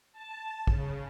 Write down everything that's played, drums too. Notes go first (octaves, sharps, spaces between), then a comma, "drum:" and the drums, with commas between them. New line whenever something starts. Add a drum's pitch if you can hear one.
A5
C#3, drum: kick